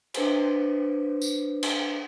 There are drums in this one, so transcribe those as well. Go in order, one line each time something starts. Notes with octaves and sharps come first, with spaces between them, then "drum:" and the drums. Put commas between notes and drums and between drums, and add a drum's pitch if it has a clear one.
D4 B4 C5, drum: cymbal
drum: tambourine
drum: cymbal